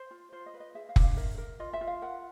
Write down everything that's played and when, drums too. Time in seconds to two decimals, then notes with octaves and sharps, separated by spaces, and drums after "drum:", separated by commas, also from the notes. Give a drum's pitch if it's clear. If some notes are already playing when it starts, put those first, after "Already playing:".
Already playing: C5
0.11 F4
0.32 F4 C5
0.46 D#5
0.54 B4
0.60 D#5
0.75 G#4 E5
0.89 F5
0.96 D4, drum: kick F1
1.03 F5
1.17 A#4 E5
1.38 A#4
1.60 F4 D#5
1.73 E5
1.81 F4
1.87 F5
2.01 A#4 F#5